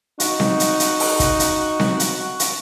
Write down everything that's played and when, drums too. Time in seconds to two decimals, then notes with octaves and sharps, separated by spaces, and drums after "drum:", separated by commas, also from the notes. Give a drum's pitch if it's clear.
0.20 D#4 F#4, drum: hi-hat
0.40 drum: snare C4
0.60 drum: hi-hat
0.80 drum: hi-hat
1.00 drum: open hi-hat
1.20 drum: kick, hi-hat
1.40 drum: hi-hat
1.80 drum: snare C4
2.00 drum: hi-hat
2.40 drum: hi-hat